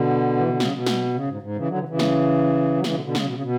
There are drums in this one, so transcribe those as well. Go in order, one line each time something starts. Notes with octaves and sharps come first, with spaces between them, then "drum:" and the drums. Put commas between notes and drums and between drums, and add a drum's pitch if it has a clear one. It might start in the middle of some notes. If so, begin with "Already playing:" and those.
Already playing: B2 D3
E3
D3
C#3, drum: snare
B2
drum: snare
C#3
G#2
G#2
C#3 E3
D3 F#3
C#3 E3
C#3 E3
drum: snare
F#3
C#3 E3, drum: snare
B2 D3
B2 D3
C#3, drum: snare
B2
C#3
B2